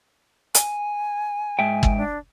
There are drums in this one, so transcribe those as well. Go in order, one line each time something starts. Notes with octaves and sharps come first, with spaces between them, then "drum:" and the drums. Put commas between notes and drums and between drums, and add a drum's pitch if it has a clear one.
G#5, drum: hi-hat
G#2 E5 G5
drum: kick
D4